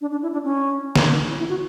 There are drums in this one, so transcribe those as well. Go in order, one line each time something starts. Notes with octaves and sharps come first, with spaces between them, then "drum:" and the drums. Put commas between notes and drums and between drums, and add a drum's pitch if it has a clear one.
D4
D4
E4
D4
C#4
drum: snare
E4
E4
F#4